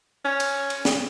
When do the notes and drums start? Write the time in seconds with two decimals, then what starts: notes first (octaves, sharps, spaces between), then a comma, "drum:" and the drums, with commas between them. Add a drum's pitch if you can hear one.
0.25 C#4
0.40 drum: cymbal
0.70 drum: cymbal
0.85 drum: snare